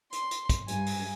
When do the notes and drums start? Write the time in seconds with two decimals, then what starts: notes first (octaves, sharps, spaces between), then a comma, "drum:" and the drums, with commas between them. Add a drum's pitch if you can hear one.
0.13 C6, drum: hi-hat
0.31 drum: hi-hat
0.49 drum: kick, hi-hat
0.68 G2 G#5, drum: hi-hat
0.86 drum: open hi-hat